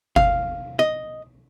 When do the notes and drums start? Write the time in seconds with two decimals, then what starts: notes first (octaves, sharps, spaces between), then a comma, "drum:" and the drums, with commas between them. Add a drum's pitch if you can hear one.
0.16 F5, drum: kick G1
0.79 D#5